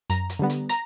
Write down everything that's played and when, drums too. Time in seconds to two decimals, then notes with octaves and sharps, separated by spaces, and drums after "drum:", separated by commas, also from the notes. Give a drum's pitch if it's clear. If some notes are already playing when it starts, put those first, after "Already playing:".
0.10 F#2 A#5, drum: hi-hat
0.30 drum: hi-hat
0.39 D3 G3 B3
0.50 drum: hi-hat
0.69 A#5, drum: hi-hat